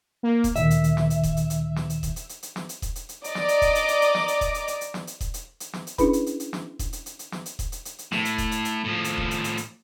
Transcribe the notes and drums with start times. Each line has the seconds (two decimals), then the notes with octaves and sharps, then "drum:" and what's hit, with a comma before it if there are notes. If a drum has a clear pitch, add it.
0.23 A#3
0.44 drum: kick E1, hi-hat
0.56 D2 A#2 D#3 E5, drum: hi-hat
0.70 drum: hi-hat
0.84 drum: hi-hat
0.97 drum: snare
1.10 drum: hi-hat
1.23 drum: kick E1, hi-hat
1.37 drum: hi-hat
1.50 drum: hi-hat
1.76 drum: snare
1.90 drum: hi-hat
2.03 drum: kick E1, hi-hat
2.16 drum: hi-hat
2.29 drum: hi-hat
2.43 drum: hi-hat
2.56 drum: snare
2.69 drum: hi-hat
2.82 drum: kick E1, hi-hat
2.95 drum: hi-hat
3.09 drum: hi-hat
3.24 D5 D#5 A#5 D6, drum: hi-hat
3.35 drum: snare
3.48 drum: hi-hat
3.62 drum: kick E1, hi-hat
3.75 drum: hi-hat
3.88 drum: hi-hat
4.01 drum: hi-hat
4.15 drum: snare
4.28 drum: hi-hat
4.41 drum: kick E1, hi-hat
4.54 drum: hi-hat
4.68 drum: hi-hat
4.81 drum: hi-hat
4.94 drum: snare
5.07 drum: hi-hat
5.21 drum: kick E1, hi-hat
5.34 drum: hi-hat
5.60 drum: hi-hat
5.73 drum: snare
5.87 drum: hi-hat
5.98 C#4 D4 E4 G#4 B4 B5, drum: kick E1, hi-hat
6.13 drum: hi-hat
6.26 drum: hi-hat
6.40 drum: hi-hat
6.53 drum: snare
6.79 drum: kick E1, hi-hat
6.93 drum: hi-hat
7.06 drum: hi-hat
7.19 drum: hi-hat
7.32 drum: snare
7.46 drum: hi-hat
7.59 drum: kick E1, hi-hat
7.72 drum: hi-hat
7.85 drum: hi-hat
7.99 drum: hi-hat
8.12 A2, drum: snare
8.25 drum: hi-hat
8.38 drum: kick E1, hi-hat
8.51 drum: hi-hat
8.65 drum: hi-hat
8.84 A2 F3
9.04 drum: hi-hat
9.18 drum: kick E1
9.31 drum: hi-hat
9.44 drum: hi-hat
9.57 drum: hi-hat